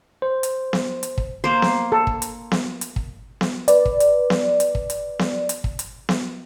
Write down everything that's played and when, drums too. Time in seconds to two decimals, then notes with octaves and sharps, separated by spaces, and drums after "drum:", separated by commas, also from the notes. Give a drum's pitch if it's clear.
0.22 C5
0.43 drum: hi-hat
0.73 drum: snare B3
1.03 drum: hi-hat
1.18 drum: kick
1.44 A#3 C5
1.62 drum: snare B3
1.92 A4
2.07 drum: kick
2.22 drum: hi-hat
2.51 drum: snare B3
2.81 drum: hi-hat
2.96 drum: kick
3.41 drum: snare B3
3.68 B4 D5, drum: hi-hat
3.85 drum: kick
4.00 drum: hi-hat
4.30 drum: snare B3
4.60 drum: hi-hat
4.75 drum: kick
4.90 drum: hi-hat
5.19 drum: snare B3
5.49 drum: hi-hat
5.64 drum: kick
5.79 drum: hi-hat
6.09 drum: snare B3